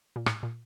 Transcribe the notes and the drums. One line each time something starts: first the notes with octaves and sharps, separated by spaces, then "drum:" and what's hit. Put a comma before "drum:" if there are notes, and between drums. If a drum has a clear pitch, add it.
A#2
A2, drum: rim click
A#2